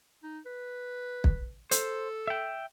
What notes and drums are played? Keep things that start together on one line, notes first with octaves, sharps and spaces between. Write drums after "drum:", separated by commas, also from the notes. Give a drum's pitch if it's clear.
D#4
B4
drum: kick
A4 C5, drum: hi-hat
E5 G5